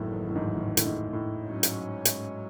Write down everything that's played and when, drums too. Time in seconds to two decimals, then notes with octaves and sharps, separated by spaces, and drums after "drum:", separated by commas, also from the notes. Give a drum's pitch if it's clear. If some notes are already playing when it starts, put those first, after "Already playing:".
Already playing: F#1 E2 A2 D#3 F#3 A3
0.29 A2
0.36 G#2
0.56 A2
0.77 A2, drum: hi-hat
0.85 G#2
1.13 A2
1.42 G#2 F#3 C#4
1.63 drum: hi-hat
2.05 drum: hi-hat